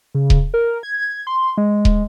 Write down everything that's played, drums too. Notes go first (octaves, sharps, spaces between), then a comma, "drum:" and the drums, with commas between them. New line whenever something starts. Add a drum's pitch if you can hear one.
C#3
drum: kick D#1
A#4
G#6
C6
G#3
drum: kick D#1